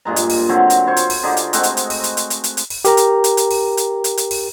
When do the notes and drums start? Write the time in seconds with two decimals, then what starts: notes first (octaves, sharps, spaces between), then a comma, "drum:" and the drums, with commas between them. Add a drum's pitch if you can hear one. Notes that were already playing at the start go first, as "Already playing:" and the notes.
0.05 G2 A#2 G#3 A#5
0.16 drum: hi-hat
0.30 drum: open hi-hat
0.49 D3 F#3 C4 C#5
0.70 drum: hi-hat
0.87 F4 C5 C#5 C#6
0.97 drum: hi-hat
1.10 drum: open hi-hat
1.23 D3 D#4 G4 G#4
1.37 drum: hi-hat
1.53 G#3 A3 C4 F#4, drum: hi-hat
1.63 drum: hi-hat
1.77 drum: hi-hat
1.90 drum: open hi-hat
2.04 drum: hi-hat
2.17 drum: hi-hat
2.30 drum: hi-hat
2.44 drum: hi-hat
2.57 drum: hi-hat
2.70 drum: open hi-hat
2.85 G4 A#4 A#5, drum: hi-hat
2.97 drum: hi-hat
3.24 drum: hi-hat
3.37 drum: hi-hat
3.51 drum: open hi-hat
3.77 drum: hi-hat
4.04 drum: hi-hat
4.17 drum: hi-hat
4.31 drum: open hi-hat